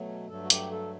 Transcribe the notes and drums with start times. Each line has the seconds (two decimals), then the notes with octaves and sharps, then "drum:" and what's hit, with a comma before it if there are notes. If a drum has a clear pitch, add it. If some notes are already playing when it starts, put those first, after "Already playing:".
Already playing: B2 F#3 A3
0.29 G2 F#3 A3 A4
0.43 F#4
0.50 G4, drum: hi-hat
0.72 A4